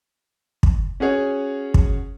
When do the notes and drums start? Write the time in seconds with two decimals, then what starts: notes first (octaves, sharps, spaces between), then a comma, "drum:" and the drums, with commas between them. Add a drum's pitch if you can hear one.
0.63 drum: kick
1.00 C#4 F#4 G#4 C#5
1.74 drum: kick